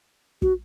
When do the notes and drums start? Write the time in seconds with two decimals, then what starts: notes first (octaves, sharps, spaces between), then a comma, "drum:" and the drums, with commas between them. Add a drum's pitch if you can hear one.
0.42 F#4, drum: kick